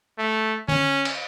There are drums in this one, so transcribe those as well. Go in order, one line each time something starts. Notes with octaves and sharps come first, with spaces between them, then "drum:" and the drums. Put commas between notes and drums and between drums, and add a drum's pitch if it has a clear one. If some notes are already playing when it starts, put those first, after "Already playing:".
A3
C#4, drum: tom D3
drum: cymbal